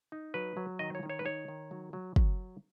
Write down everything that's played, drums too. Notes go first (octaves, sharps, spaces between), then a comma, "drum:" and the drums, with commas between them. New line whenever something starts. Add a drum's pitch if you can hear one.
D#4
F#3 B4
F#3
D#3 D#5
C#5
D#3
C#5
B4
D#4 C#5
D#3
F#3
F#3
F#3, drum: kick